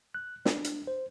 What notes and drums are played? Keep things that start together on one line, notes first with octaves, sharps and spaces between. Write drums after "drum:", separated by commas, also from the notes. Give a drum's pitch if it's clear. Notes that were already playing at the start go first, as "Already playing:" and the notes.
F#6
D4, drum: snare
drum: hi-hat
C5